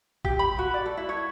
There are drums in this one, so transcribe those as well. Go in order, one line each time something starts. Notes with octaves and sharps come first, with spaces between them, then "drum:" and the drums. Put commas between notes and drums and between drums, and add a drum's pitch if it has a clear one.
G4, drum: kick G#1
B5
F#4
D5
A4
E4
C#5